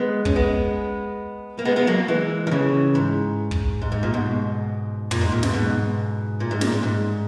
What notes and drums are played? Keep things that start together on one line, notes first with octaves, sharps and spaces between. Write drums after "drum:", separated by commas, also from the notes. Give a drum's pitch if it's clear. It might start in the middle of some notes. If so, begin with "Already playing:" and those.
Already playing: G#3 B3
C#4, drum: kick
G#3 B3
A#3
G#3 B3
G#3 B3
F#3 A#3
E3 G#3
D#3
C#3 E3
G#2
drum: kick
G#2
G#2
A#2
G#2 B2
A#2, drum: tom
G#2
A#2
G#2 B2, drum: snare
G#2 B2
A#2
G#2
A#2, drum: snare
G#2
G#2